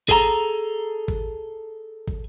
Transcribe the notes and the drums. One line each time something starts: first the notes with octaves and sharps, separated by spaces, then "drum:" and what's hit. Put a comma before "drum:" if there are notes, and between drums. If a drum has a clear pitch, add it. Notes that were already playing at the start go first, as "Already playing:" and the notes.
G#4 A4 G#5 A#5, drum: kick
drum: kick
drum: kick